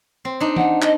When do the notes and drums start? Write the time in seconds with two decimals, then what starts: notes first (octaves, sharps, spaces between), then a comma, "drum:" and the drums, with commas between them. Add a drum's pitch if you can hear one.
0.25 C4
0.40 D4 D#4
0.56 F#5, drum: tom E3
0.82 D#5, drum: clap